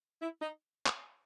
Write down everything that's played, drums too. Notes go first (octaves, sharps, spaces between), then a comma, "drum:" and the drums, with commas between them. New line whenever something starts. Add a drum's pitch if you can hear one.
E4
D#4
drum: clap